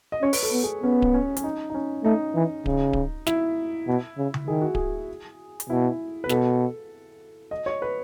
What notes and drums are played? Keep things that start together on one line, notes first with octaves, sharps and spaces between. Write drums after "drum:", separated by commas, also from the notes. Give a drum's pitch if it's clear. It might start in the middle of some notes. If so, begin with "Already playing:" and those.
D#5
C#4 C#5
B4, drum: open hi-hat
A4
B3
G#4
B3 C#4
drum: kick D1
C#4
C#4, drum: hi-hat
D#4
D#4
C#4
A3 D#4
E3
C#3, drum: kick D1
drum: kick D1
E4, drum: snare
B2
C#3
drum: tom C#3
D#3 G#4
F#4
G#4, drum: kick D1
drum: hi-hat
B2 E4
B4
B2 A4, drum: snare
D#5
C#5
B4